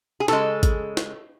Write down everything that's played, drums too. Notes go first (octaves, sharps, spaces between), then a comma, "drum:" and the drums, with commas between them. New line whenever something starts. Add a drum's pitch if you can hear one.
G#4
C#3 G#3 A4, drum: snare
drum: kick G#1, hi-hat
drum: snare